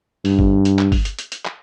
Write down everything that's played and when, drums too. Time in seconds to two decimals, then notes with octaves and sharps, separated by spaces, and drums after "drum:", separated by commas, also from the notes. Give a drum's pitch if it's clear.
0.25 G2, drum: open hi-hat
0.39 drum: kick
0.65 drum: hi-hat
0.79 drum: clap
0.92 drum: kick, open hi-hat
1.05 drum: hi-hat
1.19 drum: hi-hat
1.32 drum: hi-hat
1.45 drum: clap